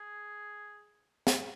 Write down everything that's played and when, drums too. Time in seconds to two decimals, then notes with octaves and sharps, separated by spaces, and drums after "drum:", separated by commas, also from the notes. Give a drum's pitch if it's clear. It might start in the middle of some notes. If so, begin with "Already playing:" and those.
Already playing: G#4
1.27 drum: snare